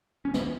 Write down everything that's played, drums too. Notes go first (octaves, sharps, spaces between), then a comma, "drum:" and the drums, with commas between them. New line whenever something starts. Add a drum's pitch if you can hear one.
C#4
D#2 G#3 B3, drum: snare